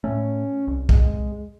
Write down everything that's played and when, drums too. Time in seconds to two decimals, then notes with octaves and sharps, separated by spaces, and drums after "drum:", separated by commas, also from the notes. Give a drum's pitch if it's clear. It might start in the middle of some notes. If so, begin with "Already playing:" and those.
0.04 A2 A3 C#4
0.67 C2
0.89 G#3, drum: kick B1